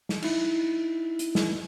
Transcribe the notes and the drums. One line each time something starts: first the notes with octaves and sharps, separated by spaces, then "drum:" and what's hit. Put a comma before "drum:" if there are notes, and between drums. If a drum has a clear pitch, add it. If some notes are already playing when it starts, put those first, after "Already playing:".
drum: snare
D#4 E4, drum: cymbal
drum: hi-hat
drum: snare